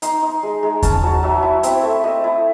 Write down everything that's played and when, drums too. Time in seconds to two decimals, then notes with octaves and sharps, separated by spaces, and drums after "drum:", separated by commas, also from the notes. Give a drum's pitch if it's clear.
0.02 D#4 C6, drum: hi-hat
0.23 D#4
0.43 G#3
0.63 G#3
0.83 C#4 A5, drum: kick E2, hi-hat
1.03 F#3
1.23 F#3 E5
1.43 E4
1.63 C4 E5, drum: hi-hat
1.83 A3
2.04 A3 D#5
2.24 E4